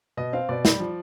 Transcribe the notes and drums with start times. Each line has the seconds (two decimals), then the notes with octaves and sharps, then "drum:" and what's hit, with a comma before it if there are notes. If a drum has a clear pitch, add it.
0.17 B2 D#5
0.33 C4 F5
0.49 B2 D5
0.65 G3, drum: snare
0.80 F3